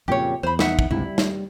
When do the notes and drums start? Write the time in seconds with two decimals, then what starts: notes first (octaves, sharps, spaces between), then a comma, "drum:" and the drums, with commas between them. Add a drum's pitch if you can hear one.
0.08 F2 A#2 C#3 G4 C#5
0.43 E2 C5 B5
0.59 D#4 E5 F#5, drum: snare
0.79 drum: kick
0.91 C#2 G2 C3 E4
1.05 G3
1.18 drum: snare